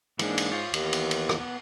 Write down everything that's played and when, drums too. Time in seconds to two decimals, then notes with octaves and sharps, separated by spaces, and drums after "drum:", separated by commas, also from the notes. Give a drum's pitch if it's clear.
0.19 G#2 E3 A#3 D4, drum: cymbal
0.38 drum: cymbal
0.52 F4 C5 C#5
0.74 D#2 E3 B3, drum: cymbal
0.93 drum: cymbal
1.11 drum: cymbal
1.29 drum: rim click
1.40 B3